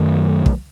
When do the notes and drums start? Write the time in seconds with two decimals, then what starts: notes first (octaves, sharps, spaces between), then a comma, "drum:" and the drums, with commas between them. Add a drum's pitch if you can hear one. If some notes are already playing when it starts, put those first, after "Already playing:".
Already playing: F#2 D#3 F#3 A3
0.46 drum: kick